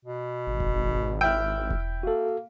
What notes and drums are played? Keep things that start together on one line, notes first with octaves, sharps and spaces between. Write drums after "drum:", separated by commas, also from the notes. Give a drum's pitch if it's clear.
B2
G#1
drum: kick E1
E4 G5 E6 F6
drum: kick E1
A#3 F#4 A4